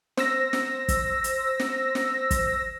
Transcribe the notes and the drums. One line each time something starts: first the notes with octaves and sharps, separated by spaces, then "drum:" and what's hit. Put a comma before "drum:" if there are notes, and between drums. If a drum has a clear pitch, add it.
C5 E6 A#6, drum: snare
drum: snare
drum: kick, hi-hat
drum: hi-hat
drum: snare
drum: snare
drum: kick, hi-hat